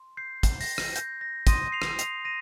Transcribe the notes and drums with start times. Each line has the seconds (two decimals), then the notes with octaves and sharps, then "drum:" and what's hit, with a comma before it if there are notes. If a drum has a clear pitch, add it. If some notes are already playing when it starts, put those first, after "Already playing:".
Already playing: C6
0.17 G6 C7
0.43 drum: kick, hi-hat
0.61 A#6, drum: open hi-hat
0.78 A#6, drum: rim click
0.96 G6, drum: hi-hat
1.21 A#6
1.47 C6 D#6 G6 A#6 D#7, drum: kick, hi-hat
1.72 C7 F7
1.82 drum: rim click
1.99 C7 F7, drum: hi-hat
2.25 A#6 D#7